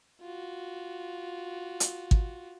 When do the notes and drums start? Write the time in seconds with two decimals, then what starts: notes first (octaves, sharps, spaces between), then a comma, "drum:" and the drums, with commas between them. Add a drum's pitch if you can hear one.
0.22 F4 F#4
1.80 drum: hi-hat
2.11 drum: kick